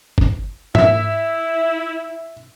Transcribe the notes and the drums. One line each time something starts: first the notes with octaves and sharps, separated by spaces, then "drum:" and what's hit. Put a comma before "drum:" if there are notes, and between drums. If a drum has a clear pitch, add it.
drum: kick F#1
E4 E5, drum: tom G#2